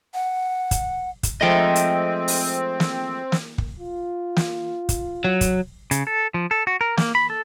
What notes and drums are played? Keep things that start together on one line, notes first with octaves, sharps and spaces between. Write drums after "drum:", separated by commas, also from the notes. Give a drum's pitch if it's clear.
F#5
drum: kick, hi-hat
drum: kick, hi-hat
F3 G#3 A3 C4 D#5 G5
drum: hi-hat
drum: open hi-hat
drum: snare
drum: snare
drum: kick
F4
drum: snare
drum: kick, hi-hat
F#3
drum: kick, hi-hat
C#3, drum: hi-hat
A4
F3
A4
F#4
A#4
A#3, drum: snare
B5
A4